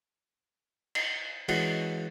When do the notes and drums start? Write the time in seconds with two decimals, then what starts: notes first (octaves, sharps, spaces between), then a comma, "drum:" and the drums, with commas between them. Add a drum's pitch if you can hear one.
0.95 drum: cymbal
1.49 E3 G#3 C#4 F#4, drum: cymbal